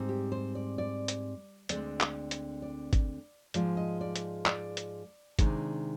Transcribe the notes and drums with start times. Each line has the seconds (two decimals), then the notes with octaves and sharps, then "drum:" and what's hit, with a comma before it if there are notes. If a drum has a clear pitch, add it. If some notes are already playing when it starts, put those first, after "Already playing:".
Already playing: G#2 G3 C4
0.09 G4
0.32 C5
0.55 D5
0.78 D5
1.08 drum: hi-hat
1.69 D2 D3 G#3 C4 D5, drum: hi-hat
2.01 drum: clap
2.31 drum: hi-hat
2.62 D5
2.93 drum: kick, hi-hat
3.54 G#2 F3 G#3 D5, drum: hi-hat
3.77 D#5
4.01 D5
4.16 drum: hi-hat
4.46 D5, drum: clap
4.77 drum: hi-hat
5.39 C3 D#3 G#3 D4, drum: kick, hi-hat